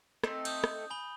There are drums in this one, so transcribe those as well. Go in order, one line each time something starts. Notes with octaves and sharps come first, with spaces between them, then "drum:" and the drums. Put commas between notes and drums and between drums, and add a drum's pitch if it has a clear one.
A3 C4 D#4, drum: rim click
D#6 G6, drum: cymbal
drum: rim click
G#5 B5 G7